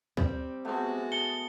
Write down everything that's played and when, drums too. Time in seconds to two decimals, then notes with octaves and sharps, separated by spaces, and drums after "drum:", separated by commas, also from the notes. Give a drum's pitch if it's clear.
0.17 G3 C4, drum: kick D2
0.65 G#3 A3 B3 F#4
1.12 A5 C#7 G7